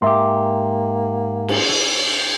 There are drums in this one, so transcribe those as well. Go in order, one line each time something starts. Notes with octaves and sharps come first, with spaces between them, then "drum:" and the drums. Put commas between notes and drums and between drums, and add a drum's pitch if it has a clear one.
G#2 A#3 G4 E5 C6
drum: cymbal